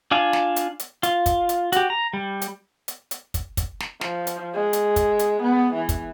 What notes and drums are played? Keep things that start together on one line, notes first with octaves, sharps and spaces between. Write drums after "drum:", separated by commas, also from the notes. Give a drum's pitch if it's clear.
D4 F4 F5 G#5
drum: snare
drum: hi-hat
drum: hi-hat
F4, drum: hi-hat
drum: kick, hi-hat
drum: hi-hat
F#4 G4, drum: hi-hat
A#5
G3
drum: hi-hat
drum: hi-hat
drum: hi-hat
drum: kick, hi-hat
drum: kick, hi-hat
drum: snare
F3, drum: snare
drum: hi-hat
G#3
drum: hi-hat
drum: kick, hi-hat
drum: hi-hat
B3
E3
drum: kick, hi-hat